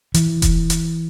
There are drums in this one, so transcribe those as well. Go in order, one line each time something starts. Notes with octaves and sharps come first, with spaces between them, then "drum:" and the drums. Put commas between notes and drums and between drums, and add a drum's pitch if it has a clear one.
E3, drum: hi-hat
drum: kick E1, hi-hat
drum: hi-hat